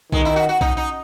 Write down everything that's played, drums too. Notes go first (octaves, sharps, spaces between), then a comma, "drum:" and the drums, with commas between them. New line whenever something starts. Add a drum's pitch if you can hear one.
D#3 G#3, drum: kick B1
E4
F#4
F#4
D#4, drum: kick B1
D#4